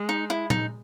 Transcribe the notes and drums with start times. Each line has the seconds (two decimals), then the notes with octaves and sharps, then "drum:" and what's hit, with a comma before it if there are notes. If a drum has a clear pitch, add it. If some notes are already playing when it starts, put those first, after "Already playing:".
Already playing: G#3
0.09 D#4
0.30 E4
0.50 D#4, drum: tom A#2